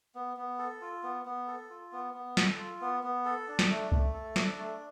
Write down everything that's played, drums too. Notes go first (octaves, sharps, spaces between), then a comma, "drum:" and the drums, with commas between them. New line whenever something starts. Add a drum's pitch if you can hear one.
B3
B3
A4
F4
B3
B3
A4
F4
B3
B3
A4, drum: snare
F4
B3
B3
A4
D4
drum: snare
A3
A3, drum: kick C2
A4
D4, drum: snare
A3